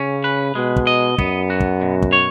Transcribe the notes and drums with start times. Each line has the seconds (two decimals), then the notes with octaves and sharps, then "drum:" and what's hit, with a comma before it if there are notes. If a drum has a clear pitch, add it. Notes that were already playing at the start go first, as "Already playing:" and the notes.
Already playing: C#3 C#4
0.24 B4
0.55 B2 G#3
0.76 drum: kick
0.87 D#5
1.18 F#2 B3, drum: kick
1.50 F#4
1.60 drum: kick
1.81 B2
2.02 drum: kick
2.13 C#5